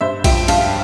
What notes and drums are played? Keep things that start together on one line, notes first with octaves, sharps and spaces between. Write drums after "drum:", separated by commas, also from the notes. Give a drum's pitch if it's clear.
G2 C5 E5
F3 E5 G5, drum: kick A#1, cymbal
G2 F5 A5, drum: cymbal